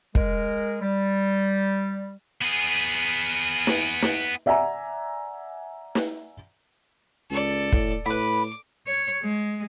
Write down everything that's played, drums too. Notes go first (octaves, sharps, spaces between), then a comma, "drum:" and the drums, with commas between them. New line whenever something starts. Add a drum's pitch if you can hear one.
G#3 A#4, drum: kick
G3
B3 G#4
drum: snare
drum: snare
D5 E5 F#5 G#5 A#5
drum: snare
C#2 A4 D5
A2, drum: kick
A2 B4 B5 D6
C#5
G#3